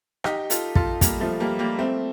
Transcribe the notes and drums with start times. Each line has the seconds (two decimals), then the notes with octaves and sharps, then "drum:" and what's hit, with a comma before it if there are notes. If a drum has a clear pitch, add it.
0.24 D#4 G4, drum: rim click
0.50 F4 A4, drum: hi-hat
0.76 F4 A4, drum: kick
1.01 G3 A#3, drum: kick, hi-hat
1.20 F3 A3
1.40 G3 A#3
1.59 G3 A#3
1.78 A3 C4